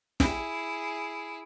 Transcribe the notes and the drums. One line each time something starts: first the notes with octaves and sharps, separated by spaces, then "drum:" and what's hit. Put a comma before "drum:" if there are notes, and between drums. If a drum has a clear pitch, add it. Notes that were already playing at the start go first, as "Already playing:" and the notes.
E4 G#4, drum: snare